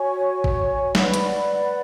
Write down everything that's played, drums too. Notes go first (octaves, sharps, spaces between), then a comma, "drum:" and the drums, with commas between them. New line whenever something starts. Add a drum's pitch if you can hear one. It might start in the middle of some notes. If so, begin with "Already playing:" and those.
Already playing: F#4 C#5 G#5 C#6
drum: kick G#1
B4 D5 F#5 B5, drum: snare
drum: hi-hat